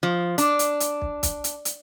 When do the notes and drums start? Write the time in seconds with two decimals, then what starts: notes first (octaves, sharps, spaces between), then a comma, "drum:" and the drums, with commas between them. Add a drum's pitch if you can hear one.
0.03 F3
0.38 D4, drum: hi-hat
0.59 drum: hi-hat
0.80 drum: hi-hat
1.02 drum: kick
1.23 drum: kick, hi-hat
1.44 drum: hi-hat
1.65 drum: hi-hat